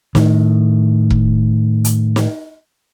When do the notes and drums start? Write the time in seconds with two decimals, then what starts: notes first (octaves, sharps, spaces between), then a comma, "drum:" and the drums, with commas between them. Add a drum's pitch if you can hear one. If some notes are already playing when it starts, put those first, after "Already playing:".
0.15 A2 D#3, drum: snare
1.10 drum: kick E1
1.84 drum: hi-hat
2.16 drum: snare